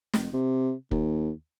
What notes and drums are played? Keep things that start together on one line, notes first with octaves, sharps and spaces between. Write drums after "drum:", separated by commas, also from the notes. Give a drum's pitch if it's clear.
F1, drum: snare
C3
D#2, drum: kick